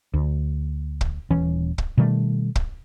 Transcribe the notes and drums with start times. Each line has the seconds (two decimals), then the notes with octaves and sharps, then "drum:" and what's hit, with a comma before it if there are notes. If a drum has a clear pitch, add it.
0.14 D2
1.01 drum: kick
1.30 D#1 E3 C#4
1.78 drum: kick
1.97 B2 D#3 G3 A3
2.56 drum: kick